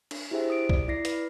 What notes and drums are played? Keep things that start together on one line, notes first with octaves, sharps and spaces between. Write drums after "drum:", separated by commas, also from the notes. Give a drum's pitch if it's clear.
D4, drum: cymbal
E4 G4 G#4 C5 E5
D#6 D7
D5, drum: kick B1
E4 D5 A#6 C7
B4, drum: hi-hat